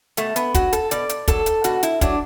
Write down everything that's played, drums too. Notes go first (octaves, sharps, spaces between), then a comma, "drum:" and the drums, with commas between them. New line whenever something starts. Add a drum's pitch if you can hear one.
B2 A3, drum: hi-hat
B3, drum: hi-hat
F#3 F#4, drum: kick, hi-hat
A4, drum: hi-hat
B2 D5, drum: hi-hat
drum: hi-hat
F#3 A4, drum: kick, hi-hat
drum: hi-hat
B2 F#4, drum: hi-hat
E4, drum: hi-hat
F#3 D4, drum: kick, hi-hat